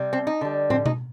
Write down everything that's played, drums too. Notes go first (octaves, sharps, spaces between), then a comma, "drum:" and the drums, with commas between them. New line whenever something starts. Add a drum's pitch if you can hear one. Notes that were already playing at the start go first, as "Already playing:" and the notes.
Already playing: C3 G3
C4
D#4
D3 G3
C4, drum: tom
D#4, drum: tom B2